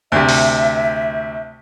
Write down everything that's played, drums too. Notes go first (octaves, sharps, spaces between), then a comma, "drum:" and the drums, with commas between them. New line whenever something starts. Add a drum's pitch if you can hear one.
D2 C3 E5
drum: open hi-hat